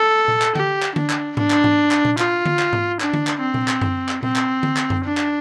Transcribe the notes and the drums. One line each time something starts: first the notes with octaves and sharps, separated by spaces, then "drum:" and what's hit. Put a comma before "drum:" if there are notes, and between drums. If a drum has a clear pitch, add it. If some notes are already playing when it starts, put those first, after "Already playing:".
Already playing: A4
drum: tom A#2
drum: clap
G4, drum: tom D3
drum: clap
D4, drum: tom D3
drum: clap
D4, drum: tom G#2
drum: clap
drum: tom G#2
drum: clap
drum: tom A#2
F4, drum: clap
drum: tom D3
drum: clap
drum: tom G#2
D4, drum: clap
drum: tom D3
drum: clap
C4
drum: tom A#2
drum: clap
drum: tom F#2
drum: clap
C4, drum: tom A#2
drum: clap
drum: tom D3
drum: clap
drum: tom F#2
D4
drum: clap